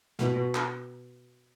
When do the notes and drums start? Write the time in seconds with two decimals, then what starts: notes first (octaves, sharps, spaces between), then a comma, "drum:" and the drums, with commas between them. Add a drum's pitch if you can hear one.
0.19 B2, drum: snare
0.55 drum: clap